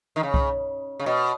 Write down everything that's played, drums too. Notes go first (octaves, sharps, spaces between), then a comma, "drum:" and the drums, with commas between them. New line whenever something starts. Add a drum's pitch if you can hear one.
D#3
C#3
drum: kick C2
C#3
B2